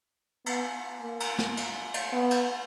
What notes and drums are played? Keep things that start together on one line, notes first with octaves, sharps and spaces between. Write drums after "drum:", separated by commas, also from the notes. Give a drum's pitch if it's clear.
B3, drum: cymbal
A#3
drum: cymbal
drum: snare
drum: cymbal
drum: cymbal
B3
drum: cymbal